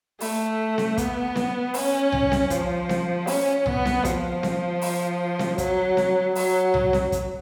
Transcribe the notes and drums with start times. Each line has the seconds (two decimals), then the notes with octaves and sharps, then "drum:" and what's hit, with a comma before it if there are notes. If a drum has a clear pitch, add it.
0.21 A3, drum: open hi-hat
0.78 drum: snare C4
0.98 B3, drum: kick, hi-hat
1.35 drum: snare C4
1.74 C#4, drum: open hi-hat
2.12 drum: tom C2
2.32 drum: snare C4
2.50 F3, drum: kick, hi-hat
2.89 drum: snare C4
3.27 C#4, drum: open hi-hat
3.66 B3, drum: tom C2
3.85 drum: snare C4
4.05 F3, drum: kick, hi-hat
4.43 drum: snare C4
4.82 drum: open hi-hat
5.39 drum: snare C4
5.58 F#3, drum: kick, hi-hat
5.97 drum: snare C4
6.35 F#3, drum: open hi-hat
6.74 drum: tom C2
6.93 drum: snare C4
7.12 drum: kick, hi-hat